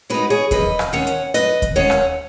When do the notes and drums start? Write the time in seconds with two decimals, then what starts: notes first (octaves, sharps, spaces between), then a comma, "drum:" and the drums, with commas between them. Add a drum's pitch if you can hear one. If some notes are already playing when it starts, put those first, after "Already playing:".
0.10 G#3 D#4 F#4 B4
0.30 G#4 C#5
0.51 F#2 B4 D#5, drum: kick D#2, hi-hat
0.79 drum: rim click
0.93 D#3 G#3 C#4 C#5 F#5
1.07 drum: hi-hat
1.34 F#2 B4 D#5, drum: hi-hat
1.62 drum: kick D#2, hi-hat
1.76 D#3 G#3 C#4 C#5 F#5
1.90 drum: rim click